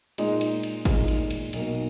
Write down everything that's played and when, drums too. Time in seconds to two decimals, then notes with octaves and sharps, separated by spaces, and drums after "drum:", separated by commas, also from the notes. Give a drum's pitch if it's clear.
0.18 A#2 G#3 D#4, drum: cymbal
0.41 drum: cymbal
0.63 drum: cymbal
0.85 A#2 G#3 D#4, drum: kick G#1, cymbal
1.08 drum: cymbal
1.31 drum: cymbal
1.53 B1 B2 A#3 D#4, drum: cymbal